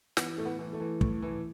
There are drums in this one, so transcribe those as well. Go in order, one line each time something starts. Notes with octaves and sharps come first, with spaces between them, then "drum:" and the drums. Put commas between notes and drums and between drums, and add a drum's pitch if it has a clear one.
E3 B3, drum: snare
A2 A3
B3
E3
A3
E3
A2, drum: kick
E3